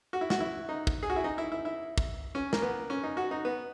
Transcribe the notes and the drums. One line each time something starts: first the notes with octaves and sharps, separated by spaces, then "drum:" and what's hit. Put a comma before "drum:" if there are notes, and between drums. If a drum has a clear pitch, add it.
F#4
E4
F#4, drum: snare
E4
D#4
drum: kick
G#4
F#4
E4
D#4
E4
E4
E4
drum: kick
C#4
A#3, drum: snare
B3
C#4
D#4
F#4
D#4
B3